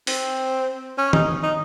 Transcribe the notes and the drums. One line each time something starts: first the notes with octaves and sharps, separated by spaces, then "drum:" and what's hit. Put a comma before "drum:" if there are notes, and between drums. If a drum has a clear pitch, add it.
C4, drum: open hi-hat
C#4
D#4, drum: tom D#3
D#4